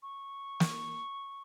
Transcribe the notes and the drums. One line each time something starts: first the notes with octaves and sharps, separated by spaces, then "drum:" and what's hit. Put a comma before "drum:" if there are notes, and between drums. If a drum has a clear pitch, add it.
C#6
drum: snare